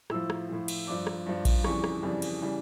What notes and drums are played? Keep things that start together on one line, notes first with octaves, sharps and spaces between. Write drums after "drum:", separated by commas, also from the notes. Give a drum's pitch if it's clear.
A2 F3 E6, drum: rim click
drum: rim click
A2 F3
drum: cymbal
G2 F3 D6
drum: rim click
G2 F3
drum: kick A#1, cymbal
F2 C#3 E3 G3 C#6, drum: rim click
drum: rim click
F2 C#3 E3 G3
drum: cymbal
C#3 E3 G3